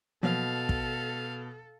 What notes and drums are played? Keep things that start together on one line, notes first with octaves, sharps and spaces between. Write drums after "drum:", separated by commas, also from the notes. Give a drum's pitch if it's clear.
B2 F3 F#3 A#3 A4 F5
drum: kick